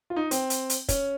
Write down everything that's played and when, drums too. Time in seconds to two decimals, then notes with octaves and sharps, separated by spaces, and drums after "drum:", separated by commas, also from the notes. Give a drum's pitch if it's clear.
0.10 F4
0.16 D#4
0.31 C4, drum: hi-hat
0.50 drum: hi-hat
0.70 drum: hi-hat
0.89 C#4, drum: kick, hi-hat